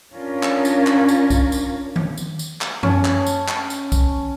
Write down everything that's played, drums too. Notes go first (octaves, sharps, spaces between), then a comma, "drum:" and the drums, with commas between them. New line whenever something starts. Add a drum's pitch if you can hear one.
C#4 D4 F4 A#4
drum: clap
drum: tambourine
drum: clap
drum: tambourine
drum: kick C2, tambourine
drum: tambourine
drum: tom D#3
drum: tambourine
drum: tambourine
drum: clap
C#4 A5, drum: tom F#2
drum: clap
drum: tambourine
drum: clap
drum: tambourine
drum: kick C2, tambourine